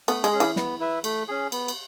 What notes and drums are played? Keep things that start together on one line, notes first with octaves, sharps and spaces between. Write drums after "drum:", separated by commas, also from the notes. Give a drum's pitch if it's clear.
A3 B3, drum: cymbal
G#3, drum: cymbal
C#4 G#4
E3, drum: cymbal
B3, drum: snare
E4 B4 E5
A3, drum: cymbal
C#4 G#4
B3, drum: cymbal
drum: cymbal